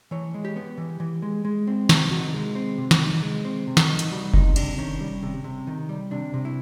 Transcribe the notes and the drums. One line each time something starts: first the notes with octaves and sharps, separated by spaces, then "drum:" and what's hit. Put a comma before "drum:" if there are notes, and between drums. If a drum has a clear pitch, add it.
E3 C#5
G#3
G4
B3
E3
E3
G#3
G#3
C4
C3, drum: snare
D#3 F#4
G#3
C4
C3
drum: snare
D#3
G#3
C4
C3
drum: snare
D#3
drum: hi-hat
G3 F#4
C3 D#4, drum: kick F1
C3 D4, drum: cymbal
D#3 C#4
G3
C3
C3
D#3
G3
C3 D4
C3
E4